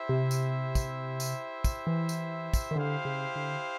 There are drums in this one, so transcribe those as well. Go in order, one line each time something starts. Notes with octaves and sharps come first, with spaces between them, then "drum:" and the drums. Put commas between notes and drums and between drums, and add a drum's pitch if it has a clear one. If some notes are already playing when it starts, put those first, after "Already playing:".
Already playing: E4 G4 C5 E5
C3
drum: tambourine
drum: kick, tambourine
drum: tambourine
drum: kick, tambourine
E3
drum: tambourine
drum: kick, tambourine
D#3
D3 E4 G4 C5 F5
C#3
D3